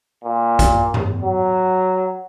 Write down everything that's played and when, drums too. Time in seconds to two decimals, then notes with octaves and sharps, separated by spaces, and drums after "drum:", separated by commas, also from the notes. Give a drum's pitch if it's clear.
0.24 A#2
0.59 drum: kick A#1, hi-hat
0.94 drum: tom G#2
1.23 F#3